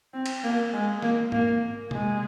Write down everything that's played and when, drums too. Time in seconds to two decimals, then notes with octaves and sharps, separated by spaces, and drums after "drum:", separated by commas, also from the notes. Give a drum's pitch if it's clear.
0.13 C4
0.26 drum: cymbal
0.44 A#3
0.73 G#3
1.02 A#3, drum: snare
1.32 A#3, drum: tom
1.91 G#3, drum: tom C3